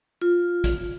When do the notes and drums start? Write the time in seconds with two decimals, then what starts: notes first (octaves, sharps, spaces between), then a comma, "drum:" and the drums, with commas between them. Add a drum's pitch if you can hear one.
0.22 F4
0.64 drum: kick A1, hi-hat